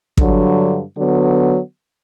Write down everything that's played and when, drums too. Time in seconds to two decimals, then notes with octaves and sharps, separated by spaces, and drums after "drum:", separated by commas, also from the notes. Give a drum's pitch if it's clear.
0.17 G2 D3 F#3, drum: kick
0.96 D3 F#3 B3